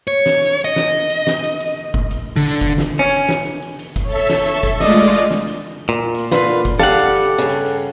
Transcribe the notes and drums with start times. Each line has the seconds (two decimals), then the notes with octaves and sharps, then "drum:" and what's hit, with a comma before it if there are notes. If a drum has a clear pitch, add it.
0.08 C#5
0.26 drum: snare
0.43 drum: hi-hat
0.64 D#5
0.76 drum: snare
0.93 drum: hi-hat
1.10 drum: hi-hat
1.27 drum: snare
1.44 drum: hi-hat
1.60 drum: hi-hat
1.94 drum: kick F#1
2.11 drum: hi-hat
2.36 D3
2.61 drum: kick F#1, hi-hat
2.78 drum: snare
2.99 C#4
3.12 drum: hi-hat
3.29 drum: snare
3.45 drum: hi-hat
3.62 drum: hi-hat
3.79 drum: hi-hat
3.96 drum: kick F#1, hi-hat
4.07 A4 C#5 E5
4.30 drum: snare
4.46 drum: hi-hat
4.63 drum: kick F#1, hi-hat
4.80 G#3 A3 F4 D5 D#5, drum: snare
4.97 drum: hi-hat
5.14 drum: hi-hat
5.31 drum: snare
5.47 drum: hi-hat
5.89 A#2
6.15 drum: hi-hat
6.31 D3 F4 B4, drum: snare
6.48 drum: hi-hat
6.65 drum: kick F#1, hi-hat
6.80 G3 G4 A4 F5 F#5, drum: snare
6.99 drum: hi-hat
7.16 drum: hi-hat
7.38 G2 C#3
7.49 drum: hi-hat
7.66 drum: hi-hat